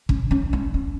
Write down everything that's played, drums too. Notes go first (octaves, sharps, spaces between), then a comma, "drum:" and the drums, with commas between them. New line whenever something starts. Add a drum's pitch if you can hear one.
C#4, drum: kick
C#4
C#4
C#4